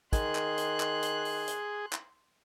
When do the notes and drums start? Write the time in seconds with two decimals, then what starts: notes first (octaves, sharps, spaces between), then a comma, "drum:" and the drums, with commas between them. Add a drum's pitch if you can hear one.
0.13 D#3 G#4 C6 F#6, drum: kick, hi-hat
0.35 drum: clap
0.58 drum: hi-hat
0.80 drum: clap
1.03 drum: hi-hat
1.25 drum: open hi-hat
1.48 drum: hi-hat
1.93 drum: clap